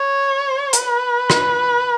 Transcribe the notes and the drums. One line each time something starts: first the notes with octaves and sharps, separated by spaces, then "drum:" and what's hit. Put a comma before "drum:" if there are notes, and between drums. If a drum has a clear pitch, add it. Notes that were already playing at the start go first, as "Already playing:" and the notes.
Already playing: C#5
B4, drum: hi-hat
drum: rim click